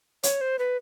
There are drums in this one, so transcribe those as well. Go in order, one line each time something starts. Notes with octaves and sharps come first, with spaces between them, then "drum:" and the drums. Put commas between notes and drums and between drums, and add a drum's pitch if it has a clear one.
C#5, drum: hi-hat
C5
B4